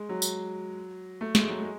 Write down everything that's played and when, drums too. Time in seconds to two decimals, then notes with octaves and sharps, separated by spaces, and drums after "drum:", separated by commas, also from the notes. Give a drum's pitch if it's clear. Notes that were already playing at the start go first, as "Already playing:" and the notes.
Already playing: G#3
0.09 F#3
0.22 drum: tambourine
1.21 A3
1.35 G#3, drum: snare
1.49 F#3
1.62 G#3